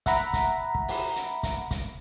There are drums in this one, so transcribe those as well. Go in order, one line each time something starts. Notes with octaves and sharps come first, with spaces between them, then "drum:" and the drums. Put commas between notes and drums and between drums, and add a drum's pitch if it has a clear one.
E5 F#5 A#5 B5, drum: kick, hi-hat
drum: kick, hi-hat
drum: kick
drum: open hi-hat
drum: hi-hat
drum: kick, hi-hat
drum: kick, hi-hat